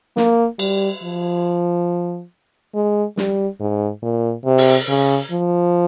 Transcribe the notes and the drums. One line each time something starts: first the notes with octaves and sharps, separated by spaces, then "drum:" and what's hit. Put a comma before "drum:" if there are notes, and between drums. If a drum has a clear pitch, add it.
A#3, drum: snare
G3, drum: cymbal
F3
G#3
G3, drum: snare
G#2
A#2
C3
drum: open hi-hat
C#3
F3